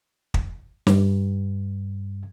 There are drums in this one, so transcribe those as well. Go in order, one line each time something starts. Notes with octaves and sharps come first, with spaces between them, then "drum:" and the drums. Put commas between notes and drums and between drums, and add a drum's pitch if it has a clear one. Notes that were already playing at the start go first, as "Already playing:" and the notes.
drum: kick
G2, drum: snare